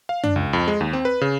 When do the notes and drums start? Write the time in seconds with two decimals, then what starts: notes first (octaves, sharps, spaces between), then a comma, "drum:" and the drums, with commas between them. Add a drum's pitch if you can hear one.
0.09 F5
0.24 D4, drum: tom F#2
0.36 C#2
0.53 F2
0.68 G#3
0.81 D#2
0.93 C4
1.05 B4
1.21 C#3